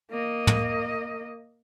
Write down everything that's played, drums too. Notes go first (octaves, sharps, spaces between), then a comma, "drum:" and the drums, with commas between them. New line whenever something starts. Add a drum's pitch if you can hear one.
A#3 D#5
drum: tom